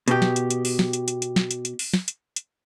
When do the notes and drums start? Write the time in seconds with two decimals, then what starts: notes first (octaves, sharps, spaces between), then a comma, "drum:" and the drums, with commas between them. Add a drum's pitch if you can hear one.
0.08 B2 G4, drum: hi-hat
0.22 drum: snare
0.36 drum: hi-hat
0.50 drum: hi-hat
0.65 drum: open hi-hat
0.79 drum: snare
0.93 drum: hi-hat
1.08 drum: hi-hat
1.22 drum: hi-hat
1.36 drum: snare
1.51 drum: hi-hat
1.65 drum: hi-hat
1.79 drum: open hi-hat
1.94 drum: snare
2.08 drum: hi-hat
2.36 drum: hi-hat